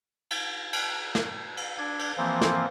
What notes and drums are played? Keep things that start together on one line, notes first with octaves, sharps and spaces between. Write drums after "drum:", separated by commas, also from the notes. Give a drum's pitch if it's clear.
drum: cymbal
drum: cymbal
drum: snare
drum: cymbal
D4 G#6
drum: cymbal
E3 F3 A#3 C4
drum: snare